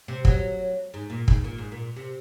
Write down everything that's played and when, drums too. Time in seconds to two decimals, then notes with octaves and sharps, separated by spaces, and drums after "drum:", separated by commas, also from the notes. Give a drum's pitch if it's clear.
0.08 C3
0.25 F#3, drum: kick
0.94 G#2
1.10 A#2
1.28 G#2, drum: kick
1.44 A#2
1.58 G#2
1.72 A#2
1.96 C3